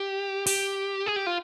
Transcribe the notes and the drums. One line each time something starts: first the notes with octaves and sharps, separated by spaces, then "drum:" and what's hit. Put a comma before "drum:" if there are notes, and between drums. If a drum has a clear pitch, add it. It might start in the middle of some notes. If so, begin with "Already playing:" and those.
Already playing: G4
G4, drum: open hi-hat
G#4
G4
F4